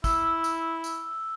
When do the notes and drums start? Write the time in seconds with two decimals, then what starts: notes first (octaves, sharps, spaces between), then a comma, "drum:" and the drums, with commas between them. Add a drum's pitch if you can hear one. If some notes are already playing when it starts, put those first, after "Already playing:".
0.04 E4 E6, drum: kick, tambourine
0.44 drum: tambourine
0.84 drum: tambourine